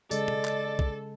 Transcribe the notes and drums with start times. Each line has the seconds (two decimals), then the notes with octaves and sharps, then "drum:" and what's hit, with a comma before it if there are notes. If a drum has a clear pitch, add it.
0.11 C#3 G#3 A4 D5 D#5, drum: tambourine
0.28 drum: tom
0.45 drum: clap
0.79 drum: kick